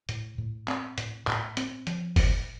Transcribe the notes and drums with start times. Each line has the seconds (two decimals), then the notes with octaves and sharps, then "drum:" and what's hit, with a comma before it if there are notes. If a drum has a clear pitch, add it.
0.09 A2, drum: hi-hat
0.38 A2
0.68 C4, drum: clap
0.98 A2, drum: hi-hat
1.27 A2, drum: clap
1.57 C4, drum: hi-hat
1.87 F3, drum: hi-hat
2.16 A2, drum: kick, open hi-hat